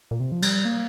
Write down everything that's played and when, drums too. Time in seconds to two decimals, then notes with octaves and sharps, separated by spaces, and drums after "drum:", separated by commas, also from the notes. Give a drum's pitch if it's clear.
0.11 A#2
0.20 C3
0.32 F3
0.42 G3, drum: cymbal
0.65 A#3